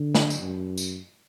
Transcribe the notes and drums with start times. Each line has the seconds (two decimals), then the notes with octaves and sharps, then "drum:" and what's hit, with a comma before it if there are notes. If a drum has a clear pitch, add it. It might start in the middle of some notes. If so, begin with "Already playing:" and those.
Already playing: D3
0.15 drum: snare
0.30 drum: tambourine
0.41 F#2
0.78 drum: tambourine